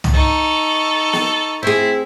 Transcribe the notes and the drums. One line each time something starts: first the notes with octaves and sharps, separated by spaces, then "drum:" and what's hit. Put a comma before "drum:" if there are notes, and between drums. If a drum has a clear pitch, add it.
drum: tom
D#4 A4 C#6
drum: snare
C4 E4 G#4